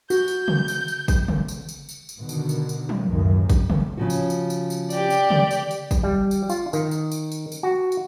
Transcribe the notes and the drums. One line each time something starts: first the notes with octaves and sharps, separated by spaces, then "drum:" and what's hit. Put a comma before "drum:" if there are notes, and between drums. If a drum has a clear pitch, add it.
F#4 G6, drum: tambourine
drum: tambourine
drum: tom C#3
drum: tambourine
drum: tambourine
drum: kick, tambourine
drum: tom C#3
drum: tambourine
drum: tambourine
drum: tambourine
drum: tambourine
B2 D3 D#3
drum: tambourine
drum: tambourine
drum: tambourine
drum: tom F3
C#2 F#2 A2 D#3 E3 A#3
drum: kick, tambourine
drum: tom C#3
C#3 F3 F#4
drum: tambourine
drum: tambourine
drum: tambourine
drum: tambourine
G4 D5, drum: tambourine
drum: tambourine
drum: tom C#3
drum: tambourine
drum: tambourine
drum: kick, tambourine
G3
drum: tambourine
F4, drum: tambourine
D#3, drum: tambourine
drum: tambourine
drum: tambourine
drum: tambourine
drum: tambourine
F#4
drum: tambourine